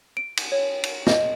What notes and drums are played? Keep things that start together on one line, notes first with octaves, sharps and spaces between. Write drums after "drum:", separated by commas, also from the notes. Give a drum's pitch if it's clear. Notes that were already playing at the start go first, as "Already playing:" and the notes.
D7
drum: cymbal
C#5
drum: cymbal
D#5, drum: snare